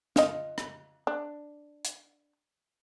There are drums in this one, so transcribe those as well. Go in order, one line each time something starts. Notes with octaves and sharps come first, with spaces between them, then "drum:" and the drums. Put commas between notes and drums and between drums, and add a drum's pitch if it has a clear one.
F4 D#5, drum: snare
drum: rim click
D4
drum: hi-hat